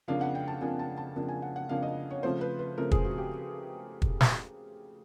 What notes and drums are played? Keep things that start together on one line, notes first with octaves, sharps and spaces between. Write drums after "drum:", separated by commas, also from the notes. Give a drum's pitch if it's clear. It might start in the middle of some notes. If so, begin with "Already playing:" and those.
F2 C#3 F3 A#3 D4 F5
F#5
G5
A5
F2 C#3 F3 A#3 D4 G#5
A5
A5
F2 C#3 F3 A#3 D4
G#5
F#5
F#5
F2 C#3 F3 A#3 D4 F5
D#5
C#5
C#3 F3 A3 C5
B4
B4
C#3 F3 A3 A#4
G#4, drum: kick
F#4
G4
drum: kick
drum: snare